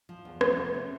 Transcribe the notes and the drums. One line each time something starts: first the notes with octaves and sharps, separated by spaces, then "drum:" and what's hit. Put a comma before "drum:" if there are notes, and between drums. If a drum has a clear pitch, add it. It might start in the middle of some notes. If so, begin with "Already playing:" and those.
F3
E2
A3, drum: rim click
C3
C#4